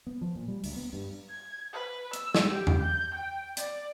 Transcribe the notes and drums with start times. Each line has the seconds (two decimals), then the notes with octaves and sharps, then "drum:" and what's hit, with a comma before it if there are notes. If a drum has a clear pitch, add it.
0.07 B3
0.21 F3
0.35 A#2
0.48 G3
0.64 D2, drum: open hi-hat
0.76 B3
0.93 G2
1.30 G#6
1.73 B4
2.13 E6, drum: hi-hat
2.35 drum: snare
2.50 G4
2.67 drum: tom E2
2.81 G6
3.14 G5
3.57 D5, drum: hi-hat